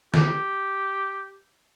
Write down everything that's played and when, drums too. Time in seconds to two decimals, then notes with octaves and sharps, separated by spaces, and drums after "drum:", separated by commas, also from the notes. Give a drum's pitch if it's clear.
0.14 G4, drum: snare